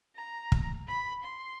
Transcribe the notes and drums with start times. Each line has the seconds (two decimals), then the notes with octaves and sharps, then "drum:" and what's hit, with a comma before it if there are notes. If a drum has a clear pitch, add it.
0.16 A#5
0.52 drum: kick
0.88 B5
1.23 C6